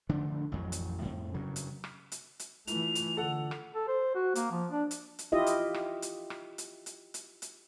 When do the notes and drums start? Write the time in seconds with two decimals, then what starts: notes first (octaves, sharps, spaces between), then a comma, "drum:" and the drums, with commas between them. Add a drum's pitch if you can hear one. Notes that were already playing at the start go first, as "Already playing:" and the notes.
0.09 D3 F3 A3 D4
0.52 A1 F2 F#3
0.72 drum: hi-hat
1.02 F2 A2
1.34 G2 C#3 F#3
1.56 drum: hi-hat
1.84 drum: rim click
2.12 drum: hi-hat
2.39 drum: hi-hat
2.67 E3 A3 F4 F7, drum: hi-hat
2.95 drum: hi-hat
3.17 D3 A4 F#5
3.51 drum: rim click
3.75 A4
3.88 C5
4.15 F#4
4.35 A#3, drum: hi-hat
4.52 F3
4.71 D4
4.91 drum: hi-hat
5.19 drum: hi-hat
5.32 E4 F4 G4 D#5 E5
5.46 drum: hi-hat
5.74 drum: rim click
6.02 drum: hi-hat
6.30 drum: rim click
6.58 drum: hi-hat
6.86 drum: hi-hat
7.14 drum: hi-hat
7.42 drum: hi-hat